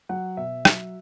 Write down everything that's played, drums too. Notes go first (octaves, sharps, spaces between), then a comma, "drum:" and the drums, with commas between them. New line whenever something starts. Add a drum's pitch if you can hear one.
F#3 F#5
B2 E5
F#3, drum: rim click